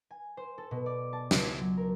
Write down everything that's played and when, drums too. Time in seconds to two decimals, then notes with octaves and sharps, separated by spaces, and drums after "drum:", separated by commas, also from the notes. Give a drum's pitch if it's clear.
0.11 G#5
0.37 C5
0.58 A4
0.71 B2
0.86 D5
1.13 A5
1.31 C#2, drum: snare
1.43 G#6
1.61 F#3
1.77 A#4